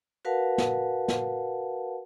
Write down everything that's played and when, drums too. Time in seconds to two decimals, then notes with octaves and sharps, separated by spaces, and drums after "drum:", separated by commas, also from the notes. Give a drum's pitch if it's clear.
0.25 F#4 A#4 B4 F5 F#5 A5
0.58 drum: snare
1.08 drum: snare